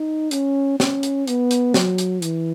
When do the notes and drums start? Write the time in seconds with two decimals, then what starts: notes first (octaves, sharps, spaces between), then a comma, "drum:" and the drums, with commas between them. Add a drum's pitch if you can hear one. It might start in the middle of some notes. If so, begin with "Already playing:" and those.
Already playing: D#4
0.31 C#4, drum: hi-hat
0.80 C#4, drum: snare
1.03 drum: hi-hat
1.27 B3, drum: hi-hat
1.51 drum: hi-hat
1.74 F#3, drum: snare
1.98 drum: hi-hat
2.22 E3, drum: hi-hat